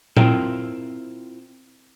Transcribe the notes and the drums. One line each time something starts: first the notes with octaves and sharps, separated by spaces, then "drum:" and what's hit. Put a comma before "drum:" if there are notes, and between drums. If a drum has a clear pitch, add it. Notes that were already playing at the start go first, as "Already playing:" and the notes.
C4 E4 F4 A#4 G5, drum: tom A#2